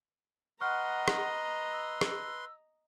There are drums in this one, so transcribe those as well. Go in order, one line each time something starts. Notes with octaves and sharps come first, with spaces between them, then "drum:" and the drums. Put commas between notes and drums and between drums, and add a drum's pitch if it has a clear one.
B4 D#5 F#5 A#5 C6 C#6 F6 F#6
drum: rim click
E6
drum: rim click